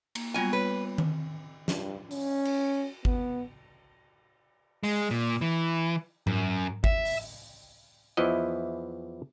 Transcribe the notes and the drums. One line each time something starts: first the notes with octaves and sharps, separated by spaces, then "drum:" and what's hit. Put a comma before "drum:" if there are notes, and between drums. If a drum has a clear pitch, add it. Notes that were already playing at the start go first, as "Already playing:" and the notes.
A#3, drum: cymbal
F#3 G3 B3 F4 G#5
B4 C#5 F#6
drum: tom D#3
G2, drum: snare
C#4, drum: open hi-hat
drum: cymbal
B3, drum: kick G#1
G#3, drum: open hi-hat
A#2
E3
F#2, drum: tom G#2
E5, drum: kick G#1
drum: open hi-hat
E2 E3 F3 E4 D#5